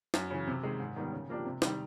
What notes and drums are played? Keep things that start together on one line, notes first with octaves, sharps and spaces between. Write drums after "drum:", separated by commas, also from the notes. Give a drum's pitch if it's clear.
F#2, drum: snare
C#3 E3
C3
D#3 G#3
G#2
D#3 G3 B3
C#3
F3 A#3 D4 G4
C3
D#3 G3, drum: snare